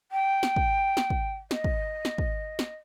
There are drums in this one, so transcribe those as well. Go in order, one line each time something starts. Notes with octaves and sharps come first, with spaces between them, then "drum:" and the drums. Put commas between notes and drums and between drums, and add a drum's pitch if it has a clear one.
G5
drum: snare
drum: kick
drum: snare
drum: kick
D#5, drum: snare
drum: kick
drum: snare
drum: kick
drum: snare